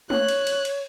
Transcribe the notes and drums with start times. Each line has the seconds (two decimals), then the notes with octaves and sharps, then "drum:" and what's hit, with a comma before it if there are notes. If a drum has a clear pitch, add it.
0.10 C#5 F#6, drum: tom
0.28 drum: cymbal
0.47 drum: cymbal
0.65 drum: cymbal